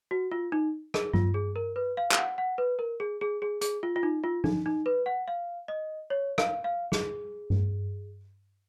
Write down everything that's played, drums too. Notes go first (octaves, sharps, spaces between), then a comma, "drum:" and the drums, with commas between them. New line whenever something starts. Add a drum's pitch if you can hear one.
F#4
F4
D#4
G#4, drum: rim click
F4, drum: tom G2
G#4
A#4
B4
F5
F5, drum: clap
F#5
F#5
B4
A#4
G#4
G#4
G#4
G#4, drum: hi-hat
F4
F4
D#4
F4
D#4, drum: tom
D#4
B4
F#5
F5
D#5
C#5
F5, drum: rim click
F5
G#4, drum: snare
drum: tom G2